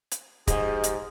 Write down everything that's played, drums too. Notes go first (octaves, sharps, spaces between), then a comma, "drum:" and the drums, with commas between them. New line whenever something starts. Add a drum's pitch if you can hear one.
drum: hi-hat
G#2 F3 G4 G#4 D#5, drum: kick, hi-hat
drum: hi-hat